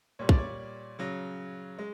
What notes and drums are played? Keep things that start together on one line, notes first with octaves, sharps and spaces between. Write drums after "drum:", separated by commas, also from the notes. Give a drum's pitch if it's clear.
A#2 G3 C#5
D5, drum: kick
C#5
C#3 F#3
G#3